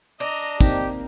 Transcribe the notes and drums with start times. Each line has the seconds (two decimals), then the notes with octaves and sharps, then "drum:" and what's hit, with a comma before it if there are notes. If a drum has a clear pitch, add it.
0.20 D4 D#5 A#5
0.61 A#3 C4 D#4 G4, drum: kick, tambourine